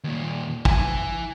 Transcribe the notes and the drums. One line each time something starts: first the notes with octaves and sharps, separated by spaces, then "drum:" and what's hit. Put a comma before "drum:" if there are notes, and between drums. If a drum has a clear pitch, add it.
D#2 A#2
E4 G#5, drum: kick